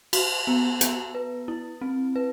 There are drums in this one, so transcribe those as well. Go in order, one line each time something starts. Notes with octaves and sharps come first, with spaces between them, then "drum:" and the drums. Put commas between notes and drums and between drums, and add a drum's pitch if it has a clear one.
F#4, drum: cymbal
B3
B3, drum: hi-hat
B4
E4
C4
B4